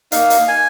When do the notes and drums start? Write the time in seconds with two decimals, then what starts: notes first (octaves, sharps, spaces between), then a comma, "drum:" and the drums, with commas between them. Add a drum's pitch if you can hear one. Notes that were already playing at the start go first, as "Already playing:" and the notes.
0.12 A#3 D#4 F5, drum: hi-hat
0.30 drum: hi-hat
0.48 G#5